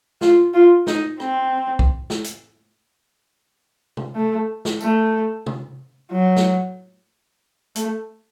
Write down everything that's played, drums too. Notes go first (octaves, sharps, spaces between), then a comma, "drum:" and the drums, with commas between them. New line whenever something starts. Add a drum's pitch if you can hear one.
F4, drum: snare
F4
D#4, drum: snare
C4, drum: rim click
drum: kick B1
drum: snare
drum: hi-hat
drum: tom C3
A3
drum: snare
A3, drum: tambourine
drum: tom C3
F#3
drum: snare
A3, drum: hi-hat